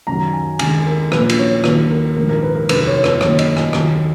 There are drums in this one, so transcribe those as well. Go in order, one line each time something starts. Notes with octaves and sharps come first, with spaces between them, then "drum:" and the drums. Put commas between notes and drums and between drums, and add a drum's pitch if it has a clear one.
F#2 D#3 F#3 A#5
G#5
D#2 D#3 G#3 G#5, drum: cymbal
A#4
A#1 A#2 F#3 A#3 B4, drum: rim click
drum: cymbal
C#5
D#2 D#3 F#3 A#3 B4, drum: rim click
A#4
A#1 G#2 D#3 A#4
A#4
B4
A#4
F1 D#2 D#3 F#3 B4, drum: cymbal
C#5
C#5
B4, drum: rim click
F#2 D#3 A#3 C#5, drum: rim click
D#5, drum: cymbal
G#5, drum: rim click
D#2 D#3 F#3, drum: rim click